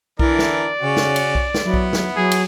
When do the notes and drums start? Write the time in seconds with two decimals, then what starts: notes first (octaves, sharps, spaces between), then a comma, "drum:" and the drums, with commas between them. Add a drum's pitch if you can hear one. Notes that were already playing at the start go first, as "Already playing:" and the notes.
0.19 D3 E3 E4 A#4 D5, drum: kick B1
0.39 drum: snare
0.81 C#3 C#4 F#4
0.97 drum: snare
1.16 drum: cymbal
1.35 drum: kick B1
1.54 drum: snare
1.64 F#3 B3 E4
1.74 drum: kick B1
1.93 drum: snare
2.16 F#3 G#4
2.31 drum: cymbal